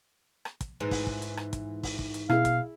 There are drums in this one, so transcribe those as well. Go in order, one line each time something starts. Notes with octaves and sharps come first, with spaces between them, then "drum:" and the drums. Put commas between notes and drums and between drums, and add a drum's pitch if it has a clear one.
drum: rim click
drum: kick, hi-hat
G#2 E3
drum: kick, open hi-hat
drum: kick
drum: hi-hat
drum: rim click
drum: kick, hi-hat
drum: kick, open hi-hat
drum: kick
drum: hi-hat
B2 E4 G#4 F5, drum: rim click
drum: kick, hi-hat